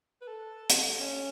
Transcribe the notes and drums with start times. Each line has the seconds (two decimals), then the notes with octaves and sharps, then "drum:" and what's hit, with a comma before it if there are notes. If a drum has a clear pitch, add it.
0.22 B4
0.27 A4
0.70 drum: hi-hat
1.00 C#4